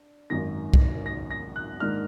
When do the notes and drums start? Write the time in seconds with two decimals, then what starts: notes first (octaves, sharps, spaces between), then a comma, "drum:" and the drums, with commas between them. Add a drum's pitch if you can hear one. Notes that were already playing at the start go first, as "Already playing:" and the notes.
Already playing: D4
0.30 G#1 F#2 D#3 A#6
0.74 drum: kick
1.06 A#6
1.31 A#6
1.56 F#6
1.80 G#2 D#3 A#3 D4 F6